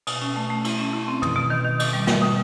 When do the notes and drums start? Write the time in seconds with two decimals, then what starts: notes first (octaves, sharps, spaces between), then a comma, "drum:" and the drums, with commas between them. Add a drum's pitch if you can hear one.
0.07 B2, drum: cymbal
0.22 C#4
0.36 A3
0.50 A3
0.65 E4, drum: cymbal
0.79 C#4
0.93 E4
1.08 C4
1.22 B2, drum: tom
1.36 B2
1.50 D#3
1.65 D#3
1.80 D#3, drum: cymbal
1.93 G3
2.07 G3, drum: snare
2.21 B2